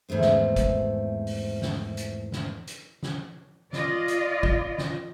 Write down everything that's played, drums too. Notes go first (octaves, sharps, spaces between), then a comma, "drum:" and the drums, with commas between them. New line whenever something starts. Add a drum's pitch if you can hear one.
E2 G#2 D#3 A3 C4
drum: snare
drum: kick, hi-hat
drum: open hi-hat
drum: snare
drum: hi-hat
drum: snare
drum: hi-hat
drum: snare
F4 D5 D#5, drum: snare
drum: hi-hat
drum: kick
drum: snare